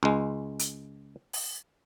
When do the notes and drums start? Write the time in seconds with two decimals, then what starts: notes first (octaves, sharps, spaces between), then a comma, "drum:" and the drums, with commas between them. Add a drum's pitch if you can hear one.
0.03 C#2 G#3
0.59 drum: hi-hat
1.33 drum: open hi-hat